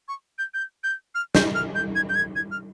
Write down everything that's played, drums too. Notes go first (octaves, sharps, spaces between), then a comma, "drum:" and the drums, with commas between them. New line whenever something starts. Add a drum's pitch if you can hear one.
C#6
G6
G6
G6
F6
G6, drum: snare
F6
G6
G#6
G6
G#6
G#6
F6